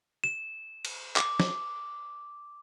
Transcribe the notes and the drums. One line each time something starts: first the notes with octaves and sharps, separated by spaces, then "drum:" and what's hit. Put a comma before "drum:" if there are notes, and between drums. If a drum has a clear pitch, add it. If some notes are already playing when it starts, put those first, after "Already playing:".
E7
drum: cymbal
D6, drum: clap
drum: snare